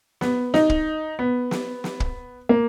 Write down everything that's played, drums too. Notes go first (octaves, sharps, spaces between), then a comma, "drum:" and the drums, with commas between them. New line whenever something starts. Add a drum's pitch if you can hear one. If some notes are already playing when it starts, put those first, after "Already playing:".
B3, drum: snare
D#4, drum: snare
drum: kick
B3
drum: snare
drum: snare
drum: kick
A#3